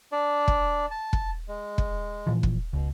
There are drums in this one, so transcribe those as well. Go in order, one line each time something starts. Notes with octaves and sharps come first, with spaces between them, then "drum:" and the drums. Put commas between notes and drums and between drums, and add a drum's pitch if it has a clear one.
D4 D5
drum: kick
A5
drum: kick
G#3
drum: kick
A#2 E3 F3
drum: kick
C#2 B2